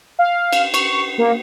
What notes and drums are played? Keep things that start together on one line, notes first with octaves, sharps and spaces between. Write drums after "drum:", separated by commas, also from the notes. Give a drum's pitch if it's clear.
F5
drum: cymbal
C#6, drum: cymbal
A#3